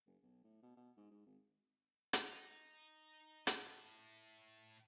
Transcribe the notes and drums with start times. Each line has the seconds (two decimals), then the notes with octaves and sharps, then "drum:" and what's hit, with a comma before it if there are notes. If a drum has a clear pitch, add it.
0.07 F#1
0.23 B1
0.44 A2
0.62 B2
0.76 B2
0.97 G#2
1.11 G#2
1.26 G#1
2.13 drum: hi-hat
2.23 D#4
3.47 A2, drum: hi-hat